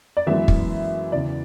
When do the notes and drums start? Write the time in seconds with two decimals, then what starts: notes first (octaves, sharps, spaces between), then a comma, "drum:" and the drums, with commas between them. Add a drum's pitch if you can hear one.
0.17 D5
0.27 F#2 E3 G#3 B3 E5
0.48 drum: kick
1.12 E2 C#3 E3 D5